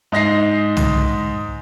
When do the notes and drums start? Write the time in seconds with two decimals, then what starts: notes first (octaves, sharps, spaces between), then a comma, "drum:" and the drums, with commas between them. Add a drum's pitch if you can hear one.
0.12 G#2 D#4 A#6 C7
0.77 drum: tom